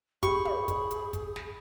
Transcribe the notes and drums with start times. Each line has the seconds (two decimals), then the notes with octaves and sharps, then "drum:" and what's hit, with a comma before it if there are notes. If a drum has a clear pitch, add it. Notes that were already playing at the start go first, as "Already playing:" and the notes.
0.23 G4 G#4 B5 C#6, drum: kick, hi-hat
0.45 drum: tom
0.68 drum: kick, hi-hat
0.91 drum: hi-hat
1.13 drum: kick, hi-hat
1.36 drum: snare